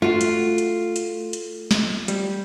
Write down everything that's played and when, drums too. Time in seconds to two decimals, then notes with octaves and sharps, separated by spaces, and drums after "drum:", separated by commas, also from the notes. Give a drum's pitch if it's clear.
0.02 A3 F4 F#4
0.21 drum: hi-hat
0.58 drum: hi-hat
0.96 drum: hi-hat
1.33 drum: hi-hat
1.71 drum: snare
2.08 G3, drum: hi-hat